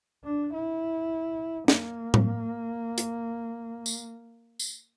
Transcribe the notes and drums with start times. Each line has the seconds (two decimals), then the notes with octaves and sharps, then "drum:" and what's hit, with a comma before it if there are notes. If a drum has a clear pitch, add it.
0.24 D4
0.54 E4
1.68 A#3, drum: snare
2.14 drum: tom A2
2.98 drum: hi-hat
3.86 drum: tambourine
4.59 drum: tambourine